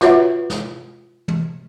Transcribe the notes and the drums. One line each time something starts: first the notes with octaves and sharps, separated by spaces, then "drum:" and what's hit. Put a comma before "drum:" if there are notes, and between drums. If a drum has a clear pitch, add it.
F4 F#4 B4 C#5 E5 F#5, drum: snare
drum: snare
drum: tom